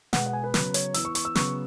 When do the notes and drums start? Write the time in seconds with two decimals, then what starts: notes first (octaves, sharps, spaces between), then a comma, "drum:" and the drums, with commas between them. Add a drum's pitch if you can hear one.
0.13 B2 G#3 B3 F#5, drum: snare
0.26 F#5
0.33 G#5
0.44 B4
0.54 C#3 F#3 B3 B4, drum: snare
0.74 C#5, drum: hi-hat
0.94 E3 B3 E6, drum: hi-hat
1.05 C#6
1.15 C#6, drum: hi-hat
1.25 E6
1.35 C#3 F#3 B3 C#6, drum: snare